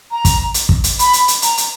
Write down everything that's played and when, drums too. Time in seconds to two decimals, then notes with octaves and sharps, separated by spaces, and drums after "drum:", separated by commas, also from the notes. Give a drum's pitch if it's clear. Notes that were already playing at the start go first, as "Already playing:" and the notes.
0.11 A#5
0.25 drum: kick, hi-hat
0.54 drum: hi-hat
0.69 drum: kick
0.84 drum: hi-hat
0.99 B5, drum: hi-hat
1.13 drum: hi-hat
1.28 drum: hi-hat
1.42 A#5, drum: hi-hat
1.57 drum: hi-hat